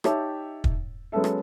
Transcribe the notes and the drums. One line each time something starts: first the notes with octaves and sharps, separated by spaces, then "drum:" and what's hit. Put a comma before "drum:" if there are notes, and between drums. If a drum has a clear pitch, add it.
D#4 G4 C#5 E5 G5 A5, drum: rim click
drum: kick
F#3 G#3 B3 C#4 A4 E5
drum: rim click